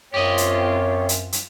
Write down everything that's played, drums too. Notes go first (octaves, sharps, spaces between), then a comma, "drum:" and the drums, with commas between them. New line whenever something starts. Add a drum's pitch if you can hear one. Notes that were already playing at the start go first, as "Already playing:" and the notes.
F#2 C4 F4 G4 C#5 D#5
drum: hi-hat
drum: hi-hat
drum: hi-hat